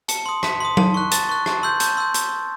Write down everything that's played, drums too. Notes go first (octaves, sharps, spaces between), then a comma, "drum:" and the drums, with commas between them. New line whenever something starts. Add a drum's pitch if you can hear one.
A5 C#7, drum: hi-hat
C6 D#6
A5 B6, drum: rim click
C6 D#6
A5, drum: tom F#3
C#6 F#6
A5 A6, drum: hi-hat
C#6 F#6
A5, drum: rim click
C6 E6 G6
A5 G6, drum: hi-hat
C6 E6 G6
drum: hi-hat